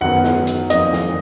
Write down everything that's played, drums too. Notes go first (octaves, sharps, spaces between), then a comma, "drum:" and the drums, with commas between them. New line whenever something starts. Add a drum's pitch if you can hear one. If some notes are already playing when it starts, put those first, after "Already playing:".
F#2 D#3 F#3 B3 F#5
drum: snare
drum: hi-hat
F2 D#3 A#3 D#5, drum: hi-hat
drum: snare